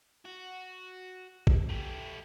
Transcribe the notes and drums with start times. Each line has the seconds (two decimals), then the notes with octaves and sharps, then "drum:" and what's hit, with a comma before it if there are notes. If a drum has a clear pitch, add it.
0.25 F#4
1.47 drum: kick G#1
1.69 A3 G4